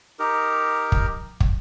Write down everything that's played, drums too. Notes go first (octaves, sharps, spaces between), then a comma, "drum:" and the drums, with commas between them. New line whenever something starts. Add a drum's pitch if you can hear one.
D#4 G4 A#4
drum: kick
drum: kick